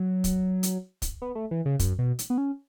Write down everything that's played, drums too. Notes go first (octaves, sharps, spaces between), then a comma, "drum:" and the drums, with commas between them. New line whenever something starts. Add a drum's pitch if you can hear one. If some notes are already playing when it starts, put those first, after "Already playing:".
Already playing: F#3
drum: kick, hi-hat
drum: hi-hat
drum: kick, hi-hat
B3
A3
E3
C#3
F#2, drum: kick, hi-hat
B2
drum: hi-hat
B3
C#4